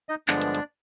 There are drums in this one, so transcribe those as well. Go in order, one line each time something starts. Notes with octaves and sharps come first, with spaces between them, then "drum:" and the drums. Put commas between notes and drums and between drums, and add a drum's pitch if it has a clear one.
D#4 D#5
G2 D3 F3 G#3 B3 D4 D5, drum: clap
drum: hi-hat
drum: hi-hat